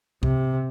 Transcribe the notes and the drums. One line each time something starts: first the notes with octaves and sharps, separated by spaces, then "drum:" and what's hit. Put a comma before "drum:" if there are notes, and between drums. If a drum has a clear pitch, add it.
C3, drum: kick